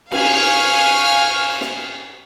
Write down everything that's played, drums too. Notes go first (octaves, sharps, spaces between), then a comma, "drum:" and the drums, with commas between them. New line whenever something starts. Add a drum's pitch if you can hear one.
F5 G#5 C#6 F6, drum: cymbal
drum: snare